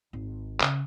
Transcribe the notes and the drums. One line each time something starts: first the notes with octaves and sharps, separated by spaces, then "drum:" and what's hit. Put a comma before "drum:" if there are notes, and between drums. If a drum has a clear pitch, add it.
G#1
C#3, drum: clap